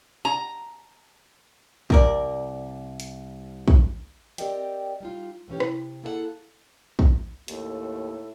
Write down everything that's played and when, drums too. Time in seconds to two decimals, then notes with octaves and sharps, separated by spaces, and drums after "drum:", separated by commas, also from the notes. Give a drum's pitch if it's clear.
0.25 A#5
1.90 C2 A#4 D5, drum: kick
3.00 drum: hi-hat
3.68 drum: kick
4.38 C4 G4 A#4 D5 D#5 G5, drum: hi-hat
5.00 G3 D#4 F4
5.48 A2 E3 C#4 G4
5.60 C3, drum: rim click
6.03 A#3 E4 G#4 A4 C#5 F#5
6.99 drum: kick
7.48 D#2 A2 A4, drum: hi-hat